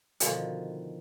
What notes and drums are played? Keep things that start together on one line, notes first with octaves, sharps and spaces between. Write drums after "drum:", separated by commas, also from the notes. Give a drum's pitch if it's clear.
B2 D3 D#3 F3, drum: hi-hat